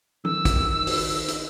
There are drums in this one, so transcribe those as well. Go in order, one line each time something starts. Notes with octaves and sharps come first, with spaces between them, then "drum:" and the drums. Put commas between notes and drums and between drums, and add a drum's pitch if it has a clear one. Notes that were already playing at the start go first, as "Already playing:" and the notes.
D#3 E6, drum: tom
drum: kick, hi-hat
drum: open hi-hat
drum: hi-hat